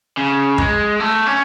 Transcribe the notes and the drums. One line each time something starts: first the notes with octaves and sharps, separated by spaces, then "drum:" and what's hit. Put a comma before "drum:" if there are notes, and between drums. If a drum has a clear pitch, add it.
C#3
G#3, drum: kick
A3
C#4